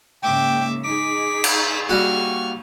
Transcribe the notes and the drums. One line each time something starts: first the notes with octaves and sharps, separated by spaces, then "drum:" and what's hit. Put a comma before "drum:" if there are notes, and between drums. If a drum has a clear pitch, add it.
G#2 C#3 A#3 E5 G5 D6
D#4 G#4 D6 B6
drum: cymbal
G3 A#3 F#4 C#6 F6